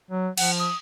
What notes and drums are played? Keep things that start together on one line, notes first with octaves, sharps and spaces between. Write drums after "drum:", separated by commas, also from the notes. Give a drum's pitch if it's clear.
F#3
F3 F#5, drum: cymbal
D#6